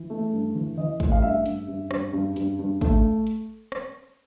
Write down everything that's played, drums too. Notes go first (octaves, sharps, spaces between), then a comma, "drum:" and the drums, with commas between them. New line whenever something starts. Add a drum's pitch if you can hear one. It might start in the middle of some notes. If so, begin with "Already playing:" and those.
Already playing: E3
A3
G2
E3
E3 D#5
A3, drum: kick, hi-hat
F5
G2 E5
G2, drum: hi-hat
G2
G2, drum: rim click
G2
G2, drum: hi-hat
G2
A3, drum: kick, hi-hat
drum: hi-hat
drum: rim click